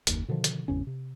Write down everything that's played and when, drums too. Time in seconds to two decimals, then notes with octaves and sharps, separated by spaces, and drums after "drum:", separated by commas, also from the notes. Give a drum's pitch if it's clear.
0.07 F#1 D#2, drum: hi-hat
0.28 B2 D3 D#3 F3
0.44 drum: hi-hat
0.68 G#1 E2 C#3 C#4
0.87 C3